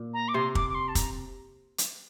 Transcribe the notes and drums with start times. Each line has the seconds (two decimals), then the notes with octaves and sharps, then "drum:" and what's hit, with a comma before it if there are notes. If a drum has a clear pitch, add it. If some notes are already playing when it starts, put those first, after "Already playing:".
Already playing: A#2
0.14 A#5
0.28 D6
0.34 C3 C6
0.55 D6, drum: kick
0.70 D6
0.75 C6
0.88 A5
0.95 A#5, drum: kick, hi-hat
1.78 drum: hi-hat